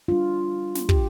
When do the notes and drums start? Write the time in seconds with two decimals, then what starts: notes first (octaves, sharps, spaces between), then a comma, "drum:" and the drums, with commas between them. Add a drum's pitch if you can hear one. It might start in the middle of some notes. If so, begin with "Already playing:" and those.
0.08 G3 D4 F4
0.75 drum: snare
0.89 G4, drum: kick